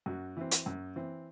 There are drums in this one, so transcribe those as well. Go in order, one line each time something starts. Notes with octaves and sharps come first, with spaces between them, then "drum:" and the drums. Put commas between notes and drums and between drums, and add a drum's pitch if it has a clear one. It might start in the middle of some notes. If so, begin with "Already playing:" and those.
F#2 F#4
E3 C4
drum: hi-hat
F#2
E3 C4